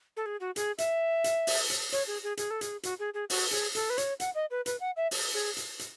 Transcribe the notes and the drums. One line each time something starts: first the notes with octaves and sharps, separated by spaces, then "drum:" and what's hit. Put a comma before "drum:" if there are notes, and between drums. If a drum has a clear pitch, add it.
A4
G#4
F#4
G#4, drum: hi-hat
E5, drum: hi-hat
drum: hi-hat
drum: open hi-hat
drum: hi-hat
C#5, drum: hi-hat
G#4
G#4
G#4, drum: hi-hat
A4
G#4, drum: hi-hat
F#4, drum: hi-hat
G#4
G#4
F#4, drum: open hi-hat
G#4, drum: hi-hat
A4, drum: hi-hat
B4
C#5, drum: hi-hat
F#5, drum: hi-hat
D#5
B4
B4, drum: hi-hat
F#5
E5
drum: open hi-hat
G#4
drum: hi-hat
drum: hi-hat